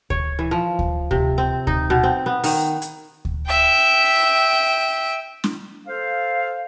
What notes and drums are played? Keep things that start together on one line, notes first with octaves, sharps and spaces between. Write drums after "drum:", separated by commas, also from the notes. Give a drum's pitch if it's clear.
C#5, drum: kick D2
E3
F3
drum: kick D2
C3, drum: kick D2
C4
D#4, drum: kick D2
B2
C4
B3
D#3, drum: open hi-hat
drum: hi-hat
drum: kick D2
E5 G5
drum: snare
A4 C5 F5